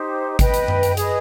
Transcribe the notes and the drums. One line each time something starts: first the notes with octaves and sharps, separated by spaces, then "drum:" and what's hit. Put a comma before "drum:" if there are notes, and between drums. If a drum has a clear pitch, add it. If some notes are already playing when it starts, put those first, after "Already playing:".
Already playing: D#4 G4 C5
B4 D#5 G5, drum: kick G#1, hi-hat
drum: hi-hat
drum: tom F#2
drum: hi-hat
G#4 B4 D#5, drum: hi-hat